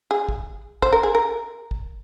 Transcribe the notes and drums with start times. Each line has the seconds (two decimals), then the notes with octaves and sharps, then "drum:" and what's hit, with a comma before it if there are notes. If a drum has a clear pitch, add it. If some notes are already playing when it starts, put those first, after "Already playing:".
0.11 G#4
0.29 drum: kick
0.82 C5, drum: kick
0.92 A#4
1.03 G#4
1.15 A#4
1.71 drum: kick